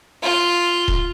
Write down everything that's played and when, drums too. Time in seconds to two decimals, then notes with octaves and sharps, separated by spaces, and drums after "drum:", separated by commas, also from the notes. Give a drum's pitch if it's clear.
0.23 F4
0.88 drum: kick D#1